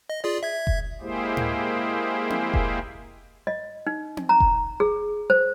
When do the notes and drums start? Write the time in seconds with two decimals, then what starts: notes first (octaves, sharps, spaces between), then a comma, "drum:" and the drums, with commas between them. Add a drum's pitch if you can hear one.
0.10 D#5
0.24 F4 G#4 D5
0.43 E5 G#6
0.67 drum: kick F1
1.01 G#3 A#3 E4 G4 G#4 C5
1.37 drum: tom A2
2.30 drum: tom C4
2.54 drum: kick F1
3.47 D#5
3.87 D#4
4.17 drum: tom C4
4.29 A#5
4.40 drum: kick F1
4.80 G#4
5.30 C5